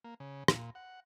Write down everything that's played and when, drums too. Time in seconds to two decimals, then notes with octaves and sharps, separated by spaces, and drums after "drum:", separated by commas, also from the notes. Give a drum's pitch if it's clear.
0.04 A#3
0.20 C#3
0.48 A#2, drum: rim click
0.75 F#5